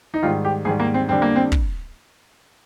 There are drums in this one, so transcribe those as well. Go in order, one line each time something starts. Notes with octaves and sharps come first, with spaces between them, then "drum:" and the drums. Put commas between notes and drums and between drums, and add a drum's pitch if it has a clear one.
D#4
G#2 D#3 G3 F4
G4
G#2 D#3 G3 G#4
A#3
C4
F2 D3 G3 C4
A#3
C4
drum: kick